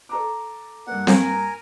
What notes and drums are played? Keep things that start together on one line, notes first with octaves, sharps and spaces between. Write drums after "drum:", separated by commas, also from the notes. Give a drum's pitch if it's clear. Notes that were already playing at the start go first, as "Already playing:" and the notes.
A4 A#5 D6
G2 A#3 F#5
A#4 G#5 A#5, drum: snare C4